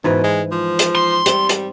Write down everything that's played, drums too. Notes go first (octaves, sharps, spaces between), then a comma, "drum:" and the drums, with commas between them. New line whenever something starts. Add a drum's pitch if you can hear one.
G#2 B2 E3 B4
G#3
F3
drum: hi-hat
C6
G3 C4, drum: hi-hat
drum: hi-hat